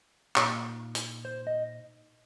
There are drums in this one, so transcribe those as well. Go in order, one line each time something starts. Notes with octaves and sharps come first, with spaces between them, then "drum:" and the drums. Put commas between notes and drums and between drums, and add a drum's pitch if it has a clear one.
A#2 A#3 D#4, drum: clap
drum: hi-hat
C5
D#5